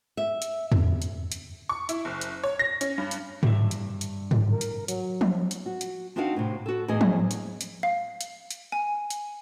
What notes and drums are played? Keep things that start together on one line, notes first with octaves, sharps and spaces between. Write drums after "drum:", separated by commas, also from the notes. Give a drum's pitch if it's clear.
E5
drum: hi-hat
drum: tom E2
drum: hi-hat
drum: hi-hat
C#6
E4, drum: hi-hat
F#1
drum: hi-hat
C#5
A#6
C#4, drum: hi-hat
G2
drum: hi-hat
G2 E5, drum: tom G#2
drum: hi-hat
drum: hi-hat
drum: tom G#2
A#4
drum: hi-hat
F#3, drum: hi-hat
drum: tom F3
drum: hi-hat
F#4
drum: hi-hat
C4 D4 D#4 F#4 F5 F#5
A2 C3
F#4 A4
E2 A2 G#4 D#5
drum: tom F3
drum: hi-hat
drum: hi-hat
F5
drum: hi-hat
drum: hi-hat
G#5
drum: hi-hat